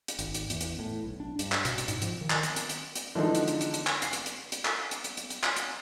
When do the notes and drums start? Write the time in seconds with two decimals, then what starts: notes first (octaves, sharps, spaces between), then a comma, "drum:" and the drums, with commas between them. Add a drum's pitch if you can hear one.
0.08 drum: hi-hat
0.19 G#1, drum: hi-hat
0.34 drum: hi-hat
0.50 E2, drum: hi-hat
0.61 drum: hi-hat
0.79 A2
1.04 B1
1.20 D4
1.39 G2, drum: hi-hat
1.52 drum: clap
1.65 B2, drum: hi-hat
1.78 drum: hi-hat
1.88 G#2, drum: hi-hat
2.02 F3, drum: hi-hat
2.21 D#3
2.30 drum: clap
2.43 drum: hi-hat
2.56 drum: hi-hat
2.69 drum: hi-hat
2.95 drum: hi-hat
3.15 D3 E3 F3 G#3 D4 D#4
3.35 drum: hi-hat
3.48 drum: hi-hat
3.61 drum: hi-hat
3.74 drum: hi-hat
3.87 drum: clap
4.02 C7, drum: hi-hat
4.13 drum: hi-hat
4.26 drum: hi-hat
4.52 drum: hi-hat
4.65 drum: clap
4.91 drum: hi-hat
5.04 drum: hi-hat
5.17 drum: hi-hat
5.30 drum: hi-hat
5.43 drum: clap
5.56 drum: hi-hat